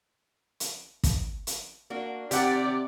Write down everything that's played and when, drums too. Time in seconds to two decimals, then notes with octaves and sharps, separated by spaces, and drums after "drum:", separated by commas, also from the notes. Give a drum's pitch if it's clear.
0.60 drum: hi-hat
1.03 drum: kick, hi-hat
1.47 drum: hi-hat
1.90 A#3 D4 F#4
2.31 C3 D#3 G4 D5 F#5, drum: hi-hat